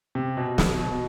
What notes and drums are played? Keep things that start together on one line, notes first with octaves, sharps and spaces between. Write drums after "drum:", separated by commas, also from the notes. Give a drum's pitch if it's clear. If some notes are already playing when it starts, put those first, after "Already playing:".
C3
B2
B2, drum: snare
B2